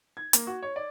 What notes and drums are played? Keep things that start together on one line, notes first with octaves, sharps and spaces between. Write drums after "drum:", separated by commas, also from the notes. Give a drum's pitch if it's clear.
G#6
A#3, drum: hi-hat
F#4
C#5
D5